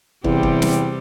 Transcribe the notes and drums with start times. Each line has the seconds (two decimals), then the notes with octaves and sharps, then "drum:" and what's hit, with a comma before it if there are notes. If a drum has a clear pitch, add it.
0.24 E2 C3 G3, drum: kick
0.43 drum: kick
0.62 drum: snare